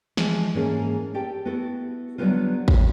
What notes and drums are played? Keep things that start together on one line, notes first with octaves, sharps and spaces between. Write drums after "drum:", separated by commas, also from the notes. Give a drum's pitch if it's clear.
E3 F3 G#3, drum: snare
G#2 E3 A#3 C#4 G#4 A4
G4 A4 G5
B3 E4 F#4 A4
D3 F#3 G3 B3 D#4 F4
C3 C#5, drum: kick